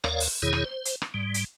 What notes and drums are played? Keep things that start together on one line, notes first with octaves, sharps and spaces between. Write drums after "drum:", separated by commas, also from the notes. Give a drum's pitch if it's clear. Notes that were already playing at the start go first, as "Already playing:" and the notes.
D#2 A#4 C#5 D5 F5, drum: rim click
drum: open hi-hat
E2 B2 D#3 E4 G#4 C#5
drum: rim click
C5
drum: hi-hat
drum: rim click
G#2 G3
drum: hi-hat